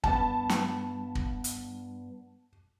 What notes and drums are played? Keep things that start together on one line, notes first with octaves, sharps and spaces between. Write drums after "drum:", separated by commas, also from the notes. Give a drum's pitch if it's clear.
G2 B3 A5, drum: kick
drum: snare
drum: kick
drum: hi-hat